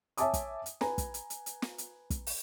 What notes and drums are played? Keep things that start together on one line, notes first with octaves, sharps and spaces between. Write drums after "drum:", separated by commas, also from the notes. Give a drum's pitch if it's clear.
C#5 E5 G#5 A5 D6 D#6, drum: hi-hat
drum: kick, hi-hat
drum: hi-hat
B4 G#5 A#5, drum: snare
drum: kick, hi-hat
drum: hi-hat
drum: hi-hat
drum: hi-hat
drum: snare
drum: hi-hat
drum: kick, hi-hat
drum: open hi-hat